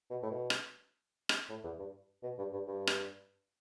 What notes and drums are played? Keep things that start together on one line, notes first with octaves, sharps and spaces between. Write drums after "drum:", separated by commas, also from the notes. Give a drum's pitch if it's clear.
B2
A2
B2
drum: rim click
drum: rim click
A2
E2
G2
B2
G2
G2
G2
drum: rim click